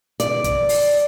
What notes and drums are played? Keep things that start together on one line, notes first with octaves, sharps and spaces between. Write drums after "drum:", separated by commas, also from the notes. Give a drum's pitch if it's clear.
D5, drum: hi-hat
drum: kick, hi-hat
drum: open hi-hat